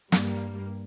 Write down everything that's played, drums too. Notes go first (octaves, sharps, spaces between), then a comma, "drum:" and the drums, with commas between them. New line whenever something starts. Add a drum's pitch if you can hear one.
G2 G3 A#3, drum: snare